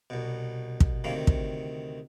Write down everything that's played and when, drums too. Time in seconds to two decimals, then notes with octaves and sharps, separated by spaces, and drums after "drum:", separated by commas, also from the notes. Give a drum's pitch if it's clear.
0.10 C2 B2
0.80 drum: kick
1.04 D2 C3 D#3 A#3
1.27 drum: kick